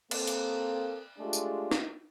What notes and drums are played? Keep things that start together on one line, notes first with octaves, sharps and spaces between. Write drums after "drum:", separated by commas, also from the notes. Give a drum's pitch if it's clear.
A#3 C4 A4, drum: cymbal
drum: hi-hat
G#3 A3 D4 F4 G4 G#4
drum: tambourine
drum: snare